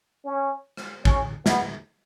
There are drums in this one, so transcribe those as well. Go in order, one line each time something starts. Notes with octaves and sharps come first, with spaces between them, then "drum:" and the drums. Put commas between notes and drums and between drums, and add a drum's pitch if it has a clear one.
C#4
drum: rim click
C#4, drum: kick
B3, drum: snare